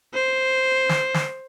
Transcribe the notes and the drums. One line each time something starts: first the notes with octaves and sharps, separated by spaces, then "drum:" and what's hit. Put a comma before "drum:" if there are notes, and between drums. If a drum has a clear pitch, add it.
C5
drum: snare
drum: snare